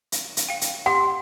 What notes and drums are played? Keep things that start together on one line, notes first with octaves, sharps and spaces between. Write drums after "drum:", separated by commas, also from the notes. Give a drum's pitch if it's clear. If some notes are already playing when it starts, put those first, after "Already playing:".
drum: hi-hat
drum: hi-hat
F5 G5
drum: hi-hat
G4 F#5 C6